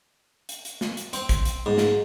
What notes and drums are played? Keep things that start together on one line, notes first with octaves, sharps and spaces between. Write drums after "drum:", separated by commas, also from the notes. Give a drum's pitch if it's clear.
drum: hi-hat
drum: hi-hat
drum: snare
drum: hi-hat
C4, drum: hi-hat
drum: kick A#1, hi-hat
drum: hi-hat
G#2
drum: snare